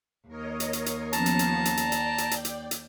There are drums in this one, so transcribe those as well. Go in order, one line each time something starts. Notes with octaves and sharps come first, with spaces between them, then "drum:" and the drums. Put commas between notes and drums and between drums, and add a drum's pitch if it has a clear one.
D#2 A#4 C#5 D#5
drum: hi-hat
drum: hi-hat
drum: hi-hat
F3 B3 C#4 A5 A#5, drum: hi-hat
drum: hi-hat
drum: hi-hat
drum: hi-hat
D5 G5, drum: hi-hat
drum: hi-hat
drum: hi-hat
drum: hi-hat
drum: hi-hat
drum: hi-hat